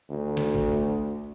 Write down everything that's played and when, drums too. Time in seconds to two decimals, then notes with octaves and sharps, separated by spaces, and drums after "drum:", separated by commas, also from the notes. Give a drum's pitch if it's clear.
0.10 D2
0.37 drum: snare
0.54 drum: kick